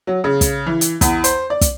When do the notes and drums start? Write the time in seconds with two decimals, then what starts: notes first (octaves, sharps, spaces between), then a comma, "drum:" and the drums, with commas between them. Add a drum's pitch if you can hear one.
0.07 F#3
0.24 C#3
0.41 drum: kick, hi-hat
0.66 E3
0.81 drum: hi-hat
1.01 E2, drum: kick, hi-hat
1.24 C5, drum: hi-hat
1.50 D5
1.61 drum: kick, hi-hat